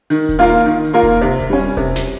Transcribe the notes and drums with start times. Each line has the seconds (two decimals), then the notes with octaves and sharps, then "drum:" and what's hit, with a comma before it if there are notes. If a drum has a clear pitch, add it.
0.10 D#3, drum: open hi-hat
0.29 drum: kick E1, open hi-hat
0.39 A#3 F4 A#4
0.66 D#3, drum: hi-hat
0.84 drum: open hi-hat
0.93 A#3 F4 A#4
1.03 drum: kick E1, hi-hat
1.21 C3, drum: hi-hat
1.40 drum: kick E1, hi-hat
1.50 G3 C#4
1.59 drum: open hi-hat
1.77 C3, drum: kick E1, open hi-hat
1.96 drum: snare